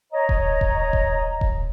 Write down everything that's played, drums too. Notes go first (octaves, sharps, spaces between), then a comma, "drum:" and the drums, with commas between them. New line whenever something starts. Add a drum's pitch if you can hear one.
C#5 D#5 A#5
drum: kick D#1
drum: kick D#1
drum: kick D#1
drum: kick D#1